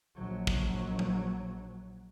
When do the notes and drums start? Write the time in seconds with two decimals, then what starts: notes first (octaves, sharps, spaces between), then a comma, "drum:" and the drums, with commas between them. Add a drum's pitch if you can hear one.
0.15 A#1 F#3
0.47 drum: kick
0.99 drum: tom F#3